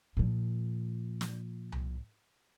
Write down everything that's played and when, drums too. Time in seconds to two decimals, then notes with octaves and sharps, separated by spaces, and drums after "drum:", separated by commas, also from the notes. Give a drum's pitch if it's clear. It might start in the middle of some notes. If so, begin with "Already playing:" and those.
0.17 A#2 F3
1.21 drum: snare
1.72 drum: tom C2